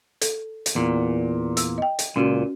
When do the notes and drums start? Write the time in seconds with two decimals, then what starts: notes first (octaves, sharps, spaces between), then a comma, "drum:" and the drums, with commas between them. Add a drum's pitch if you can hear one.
0.22 A4, drum: hi-hat
0.66 drum: hi-hat
0.75 E2 A#2
1.57 E6, drum: hi-hat
1.78 D#5 G5
1.99 drum: hi-hat
2.16 C#2 A#2 C#4 F#4